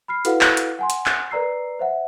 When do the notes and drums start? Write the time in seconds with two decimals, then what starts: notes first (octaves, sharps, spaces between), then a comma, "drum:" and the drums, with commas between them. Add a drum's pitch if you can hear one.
0.08 B5 F6 C7
0.25 E4 F#4 A4 B4 F5 F#5, drum: hi-hat
0.41 drum: clap
0.57 drum: hi-hat
0.79 F#5 G#5 C6
0.90 drum: hi-hat
1.06 drum: clap
1.31 A#4 B4 D5 A#5 E6 C7
1.79 C5 E5 F#5